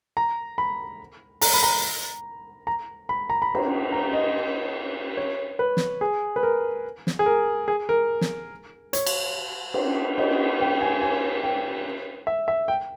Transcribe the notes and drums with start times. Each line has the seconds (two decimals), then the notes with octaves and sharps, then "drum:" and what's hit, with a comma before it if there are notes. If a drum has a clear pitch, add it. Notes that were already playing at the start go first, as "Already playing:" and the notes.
0.17 A#5
0.58 B5
1.41 A#5, drum: open hi-hat
1.54 B5
1.63 A#5
2.67 A#5
3.09 B5
3.30 A#5
3.42 B5
3.55 A#5, drum: cymbal
3.92 A#5
4.13 D#5
5.17 C#5
5.59 B4
5.77 drum: snare
6.01 G#4
6.36 B4
6.43 A#4
7.07 drum: snare
7.19 G#4
7.26 A#4
7.68 G#4
7.89 A#4
8.21 drum: snare
8.93 C#5, drum: hi-hat
9.06 drum: cymbal
9.74 drum: cymbal
10.18 D#5, drum: cymbal
10.60 G5
10.81 G#5
11.02 G#5
11.43 G5
12.27 E5
12.48 E5
12.68 G5